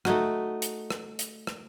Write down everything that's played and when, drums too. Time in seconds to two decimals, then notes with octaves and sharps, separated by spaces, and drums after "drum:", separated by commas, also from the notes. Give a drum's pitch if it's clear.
0.05 A3 D#4 F#4, drum: rim click
0.62 drum: hi-hat
0.90 drum: rim click
1.19 drum: hi-hat
1.47 drum: rim click